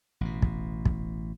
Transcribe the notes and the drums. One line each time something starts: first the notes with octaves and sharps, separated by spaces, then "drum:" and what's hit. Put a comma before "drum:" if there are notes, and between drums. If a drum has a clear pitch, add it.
A1 B2
drum: kick
drum: kick